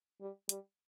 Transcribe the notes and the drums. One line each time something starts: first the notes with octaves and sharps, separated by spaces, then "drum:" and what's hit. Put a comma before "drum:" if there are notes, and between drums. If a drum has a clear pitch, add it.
G3
G3, drum: hi-hat